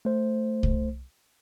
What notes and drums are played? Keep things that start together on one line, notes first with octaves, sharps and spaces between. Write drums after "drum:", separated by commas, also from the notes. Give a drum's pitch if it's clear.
A3 C5
drum: kick C2